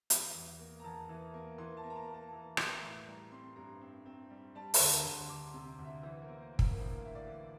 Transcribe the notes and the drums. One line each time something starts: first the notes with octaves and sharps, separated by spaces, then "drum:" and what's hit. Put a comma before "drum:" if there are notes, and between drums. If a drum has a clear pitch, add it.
E3, drum: hi-hat
E2
A#3
A#5
E2 A5
E3
A#3
E3 C6
A5
A#3
A#5
A5
A#3
A5
E3
E3, drum: rim click
A#5
A2
G3 A#5
C4 C6
G2 A#5
C4
C4
G3
G3 A5
A5, drum: open hi-hat
D2
A5
A#5
D2
C6
D2 D6
C6
C3
D2
E5
E3 C5
A#4
A#3
C5
A#3
A#4, drum: kick
A#4
A2 C5
F5
E4 E5
D5
E3